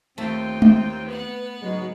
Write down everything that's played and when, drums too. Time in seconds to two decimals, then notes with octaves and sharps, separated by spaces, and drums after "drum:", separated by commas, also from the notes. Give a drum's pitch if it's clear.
0.18 D#2 A3 C4 F4 G5
0.62 drum: tom G#3
1.05 B3 B4 F#5
1.62 G#2 C#3 F#3 G#3